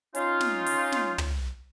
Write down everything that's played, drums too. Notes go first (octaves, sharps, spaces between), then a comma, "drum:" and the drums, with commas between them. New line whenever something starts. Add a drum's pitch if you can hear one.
C#4 D#4 F4, drum: hi-hat
drum: snare
drum: open hi-hat
drum: snare
drum: tom